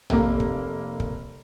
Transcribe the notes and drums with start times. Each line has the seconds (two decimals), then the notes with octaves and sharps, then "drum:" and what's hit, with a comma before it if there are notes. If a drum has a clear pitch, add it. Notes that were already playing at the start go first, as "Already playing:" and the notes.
0.10 F1 A#3, drum: tom A#1
0.40 drum: kick
1.00 drum: kick